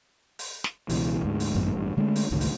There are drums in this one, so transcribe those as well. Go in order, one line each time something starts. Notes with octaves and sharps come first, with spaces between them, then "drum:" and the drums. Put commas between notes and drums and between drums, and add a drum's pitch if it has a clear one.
drum: open hi-hat
drum: snare
C#2 B2 E3, drum: open hi-hat
D2 G#2
drum: open hi-hat
G#1 F#2 A2 B3
A1 G2
D3 G#3 A3
drum: open hi-hat
G1 C#2 A2 D#3
drum: open hi-hat